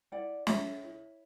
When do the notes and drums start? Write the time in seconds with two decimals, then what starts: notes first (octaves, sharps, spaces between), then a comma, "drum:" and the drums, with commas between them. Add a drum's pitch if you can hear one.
0.12 E4 D5 F#5
0.47 A4 C#5 E5, drum: snare
0.83 E4